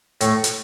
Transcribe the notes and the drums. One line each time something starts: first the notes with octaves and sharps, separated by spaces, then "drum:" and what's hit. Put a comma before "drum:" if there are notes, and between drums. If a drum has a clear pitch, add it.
A2, drum: hi-hat
drum: hi-hat